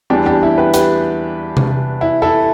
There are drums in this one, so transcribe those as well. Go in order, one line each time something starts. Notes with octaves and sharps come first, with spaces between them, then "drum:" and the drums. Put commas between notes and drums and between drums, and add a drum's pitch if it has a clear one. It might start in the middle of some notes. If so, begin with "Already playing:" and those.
E2 E3 G3 B3 D4 G4
D4 G4
E4
G4 B4
G4 B4, drum: hi-hat
drum: tom C3
E4
E4 A4